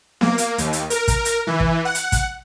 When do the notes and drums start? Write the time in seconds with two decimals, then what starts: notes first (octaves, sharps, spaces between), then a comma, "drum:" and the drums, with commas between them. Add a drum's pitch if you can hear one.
0.21 A#3, drum: snare B3
0.38 drum: hi-hat
0.58 D#2, drum: hi-hat
0.73 drum: hi-hat
0.90 A#4, drum: hi-hat
1.08 drum: kick, hi-hat
1.25 drum: hi-hat
1.47 E3
1.60 drum: kick
1.85 F#5
1.95 drum: hi-hat
2.12 drum: kick, hi-hat